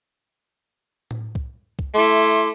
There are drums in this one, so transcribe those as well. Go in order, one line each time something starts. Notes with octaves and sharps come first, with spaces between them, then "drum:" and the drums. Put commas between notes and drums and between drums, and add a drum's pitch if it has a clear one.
drum: tom A2
drum: kick C2
drum: kick C2
A3 E4 C6 D6